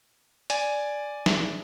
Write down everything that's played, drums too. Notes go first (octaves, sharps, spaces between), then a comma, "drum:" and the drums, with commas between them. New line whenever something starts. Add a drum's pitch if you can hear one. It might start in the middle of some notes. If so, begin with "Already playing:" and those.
D5 G#5, drum: hi-hat
drum: snare